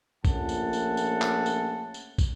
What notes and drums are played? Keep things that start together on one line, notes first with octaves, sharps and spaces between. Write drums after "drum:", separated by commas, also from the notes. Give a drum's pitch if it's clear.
A#1 A#2 A3 C#4 F#5 A5, drum: kick, tambourine
drum: tambourine
drum: tambourine
drum: tambourine
drum: clap
drum: tambourine
drum: tambourine
drum: kick, tambourine